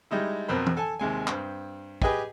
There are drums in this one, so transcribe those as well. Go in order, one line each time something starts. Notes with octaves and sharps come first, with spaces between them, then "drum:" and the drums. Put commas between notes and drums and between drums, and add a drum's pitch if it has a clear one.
G3 G#3 D#4 E4
F2 B2 A#4 C5 B5
drum: tom E3
A4 G#5 A5
D#2 C3 G#3 G#5
G2 C4, drum: clap
G4 G#4 B4 D#5 G5 G#5, drum: kick